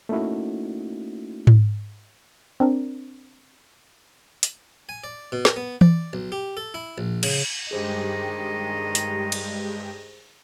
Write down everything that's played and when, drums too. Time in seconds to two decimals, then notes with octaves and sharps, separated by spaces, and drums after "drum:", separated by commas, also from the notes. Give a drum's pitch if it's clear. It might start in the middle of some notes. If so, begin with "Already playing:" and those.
0.09 A3 A#3 C#4 D#4 E4 F#4
1.47 drum: tom G#2
2.60 C4 D4 A#4
4.43 drum: hi-hat
4.89 G#5
5.04 D5
5.32 B2
5.45 A#4, drum: snare
5.56 B3
5.81 D5, drum: tom E3
6.13 B1
6.32 G4
6.57 A4
6.74 E4
6.98 A#1
7.23 C#3, drum: cymbal
7.71 G2 D#3 G#3 G4 G#4 C5 D#5
8.95 drum: hi-hat
9.32 drum: cymbal